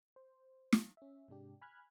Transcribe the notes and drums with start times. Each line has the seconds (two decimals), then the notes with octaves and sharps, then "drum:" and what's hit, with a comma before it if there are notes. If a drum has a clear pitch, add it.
0.16 C5
0.72 drum: snare
0.97 C#4 E5
1.28 G#2 C3 G#3 D4 G4
1.61 G#5 B5 F6 F#6 G#6